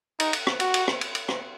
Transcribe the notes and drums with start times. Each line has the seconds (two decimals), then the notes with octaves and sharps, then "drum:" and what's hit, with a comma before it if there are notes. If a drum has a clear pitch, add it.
0.20 D#4, drum: cymbal
0.33 drum: cymbal
0.47 drum: rim click
0.60 F#4, drum: cymbal
0.74 drum: cymbal
0.88 drum: rim click
1.01 drum: cymbal
1.15 drum: cymbal
1.28 drum: rim click